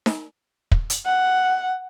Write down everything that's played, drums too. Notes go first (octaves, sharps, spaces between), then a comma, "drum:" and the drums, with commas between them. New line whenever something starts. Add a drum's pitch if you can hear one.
drum: snare D#4
drum: kick
drum: hi-hat
F#5